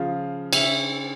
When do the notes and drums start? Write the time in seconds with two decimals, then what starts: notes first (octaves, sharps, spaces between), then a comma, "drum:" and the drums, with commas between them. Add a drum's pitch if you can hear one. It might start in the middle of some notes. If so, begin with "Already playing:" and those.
Already playing: C#3 F3 F5
0.53 C#3 E5, drum: cymbal